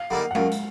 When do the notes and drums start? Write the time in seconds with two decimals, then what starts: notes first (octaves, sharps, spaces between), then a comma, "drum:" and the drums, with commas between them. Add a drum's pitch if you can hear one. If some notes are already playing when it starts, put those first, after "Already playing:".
Already playing: F5
0.10 D3 G3 A#3 D#4 F#5
0.31 F#5
0.35 F#2 F5, drum: tom G#3
0.52 drum: hi-hat